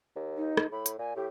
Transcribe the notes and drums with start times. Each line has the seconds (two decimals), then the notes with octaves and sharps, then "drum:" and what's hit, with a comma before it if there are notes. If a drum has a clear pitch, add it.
0.16 D#2
0.37 D#4
0.57 drum: rim click
0.72 A2 B5
0.86 drum: hi-hat
0.99 A#2 G#5
1.16 A2 G4